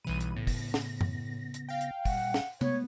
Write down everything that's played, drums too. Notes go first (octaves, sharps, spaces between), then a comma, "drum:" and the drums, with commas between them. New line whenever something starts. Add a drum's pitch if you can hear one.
B1 B2 E3 G3 B5 D#7
drum: hi-hat
A2 C#3 B3 A#6
drum: kick, open hi-hat
drum: snare
drum: tom F#2
drum: hi-hat
F5 G5
drum: hi-hat
A#2 G3 F#5, drum: kick, open hi-hat
drum: snare
G#3 A3 B3 C#5, drum: tom C3